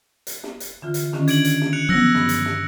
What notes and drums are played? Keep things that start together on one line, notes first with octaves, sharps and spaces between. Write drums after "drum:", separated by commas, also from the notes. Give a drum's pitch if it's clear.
drum: hi-hat
drum: snare
drum: hi-hat
D3 E3 F4
drum: hi-hat
D3 D#3 C#4, drum: snare
D4 G#6 D7 F#7, drum: hi-hat
drum: hi-hat
drum: snare
F#6 C#7 F7
F3 F#3 B3 E6 F#6 A#6
G2, drum: snare
drum: hi-hat
drum: snare